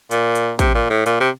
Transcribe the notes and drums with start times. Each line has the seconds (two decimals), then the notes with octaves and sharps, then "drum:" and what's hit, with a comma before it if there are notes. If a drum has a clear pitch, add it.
0.11 A#2, drum: hi-hat
0.35 drum: hi-hat
0.59 C3, drum: kick, hi-hat
0.75 A#2
0.90 A2
1.06 A#2, drum: hi-hat
1.20 C3